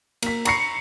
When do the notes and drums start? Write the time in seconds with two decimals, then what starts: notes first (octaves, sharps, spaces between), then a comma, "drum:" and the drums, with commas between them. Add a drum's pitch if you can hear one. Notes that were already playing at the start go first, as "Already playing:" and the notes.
0.22 A#3 B6, drum: cymbal
0.45 A#5 B5 C#6 A#6 C7 C#7, drum: cymbal